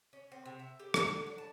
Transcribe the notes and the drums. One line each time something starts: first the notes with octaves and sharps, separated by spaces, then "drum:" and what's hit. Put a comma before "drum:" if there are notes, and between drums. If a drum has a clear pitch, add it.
C#4
C4
C3
E5
G4
D4, drum: rim click
D3
D4
A5